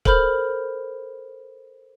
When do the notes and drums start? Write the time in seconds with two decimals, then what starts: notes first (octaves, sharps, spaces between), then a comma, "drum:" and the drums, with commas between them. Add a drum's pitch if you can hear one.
0.05 A4 A#4 C5 B5 F6 G6, drum: kick